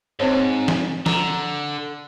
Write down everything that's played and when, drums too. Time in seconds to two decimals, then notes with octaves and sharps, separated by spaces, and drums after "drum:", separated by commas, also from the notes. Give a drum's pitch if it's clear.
0.20 G#2 C4 C5 C#5
0.68 drum: snare
1.06 D3 A#5, drum: snare